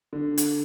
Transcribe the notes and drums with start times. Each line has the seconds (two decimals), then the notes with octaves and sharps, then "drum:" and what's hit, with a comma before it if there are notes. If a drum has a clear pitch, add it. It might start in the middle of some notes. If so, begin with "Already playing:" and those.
0.13 D3
0.38 drum: hi-hat